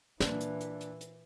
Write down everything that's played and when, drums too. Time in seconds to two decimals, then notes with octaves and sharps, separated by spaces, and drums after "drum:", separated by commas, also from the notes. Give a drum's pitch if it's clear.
0.20 A#2 E3 A#3 D4, drum: snare
0.41 drum: hi-hat
0.61 drum: hi-hat
0.81 drum: hi-hat
1.01 drum: hi-hat